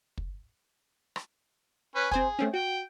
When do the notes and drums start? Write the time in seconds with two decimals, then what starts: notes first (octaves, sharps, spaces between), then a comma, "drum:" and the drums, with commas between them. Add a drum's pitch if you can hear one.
0.18 drum: kick
1.16 drum: rim click
1.95 C#4 B4
2.11 C4 G#4 C5 G#5, drum: kick
2.39 A3 C4 C#4
2.53 F#4 G5